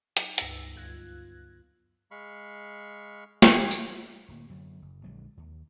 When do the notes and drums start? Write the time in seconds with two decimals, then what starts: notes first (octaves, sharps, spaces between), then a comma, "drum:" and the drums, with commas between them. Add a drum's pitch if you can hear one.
0.17 F#3 D#4, drum: hi-hat
0.38 C#2 G2 B3 E6 A#6, drum: hi-hat
0.75 D2 G2 F4 F#6 G#6
2.11 G#3 F5 B5 C#6
3.42 G#4 C#5, drum: snare
3.71 drum: tambourine
4.28 D1 A#3
4.50 F#2 D3 F#3
4.82 F#1
5.04 A#1 D3 F#3 G#3
5.37 D#2